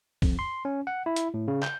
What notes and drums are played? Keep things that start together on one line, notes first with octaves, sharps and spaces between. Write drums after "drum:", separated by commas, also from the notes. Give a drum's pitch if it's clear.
F2, drum: kick, open hi-hat
C6
C#4
F#5
E4
drum: hi-hat
A2
C#3
G6, drum: clap